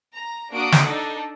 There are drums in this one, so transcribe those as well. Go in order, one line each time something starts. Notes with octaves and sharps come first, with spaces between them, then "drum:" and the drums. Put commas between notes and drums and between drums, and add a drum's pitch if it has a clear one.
A#5
A#3 D4 F#4 F#5 D#6 D7
drum: snare
D4 D#4 A4